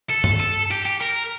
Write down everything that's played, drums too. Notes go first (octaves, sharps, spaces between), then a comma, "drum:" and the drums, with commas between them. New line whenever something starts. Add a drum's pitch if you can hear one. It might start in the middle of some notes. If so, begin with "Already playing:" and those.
A4
drum: tom G2
A4
G4
G4
A#4